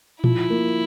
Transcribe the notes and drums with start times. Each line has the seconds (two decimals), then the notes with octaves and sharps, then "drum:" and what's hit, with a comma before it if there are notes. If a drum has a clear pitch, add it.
0.24 F3 E4, drum: tom A#2
0.50 A#3